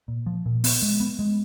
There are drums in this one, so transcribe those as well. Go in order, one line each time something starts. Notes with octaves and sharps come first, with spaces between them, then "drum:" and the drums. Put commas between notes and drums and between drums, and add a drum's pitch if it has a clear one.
A#2
F3
A#2
B3, drum: open hi-hat
G#3
B3
G#3